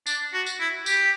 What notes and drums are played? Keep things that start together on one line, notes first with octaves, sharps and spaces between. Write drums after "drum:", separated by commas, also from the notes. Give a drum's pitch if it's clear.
D4, drum: tambourine
F#4
drum: tambourine
E4
G4, drum: tambourine